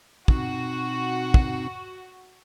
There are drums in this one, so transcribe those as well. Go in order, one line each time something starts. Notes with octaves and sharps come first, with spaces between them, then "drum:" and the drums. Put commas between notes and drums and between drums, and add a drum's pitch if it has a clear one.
B2 C4 D#4 F#4, drum: kick
drum: kick